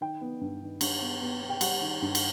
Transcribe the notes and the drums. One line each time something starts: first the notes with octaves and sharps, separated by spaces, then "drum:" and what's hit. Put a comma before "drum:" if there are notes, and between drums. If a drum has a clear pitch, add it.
D#3 G5
B3
G2
D#3
G2, drum: cymbal
B3
B3
B3
G5
G3 F#5, drum: cymbal
D#3
G2
drum: cymbal